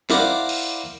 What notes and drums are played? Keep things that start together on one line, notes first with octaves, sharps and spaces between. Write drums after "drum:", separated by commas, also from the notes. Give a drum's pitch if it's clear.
E4 A#4 C5 D5 F5 F#5, drum: snare
drum: cymbal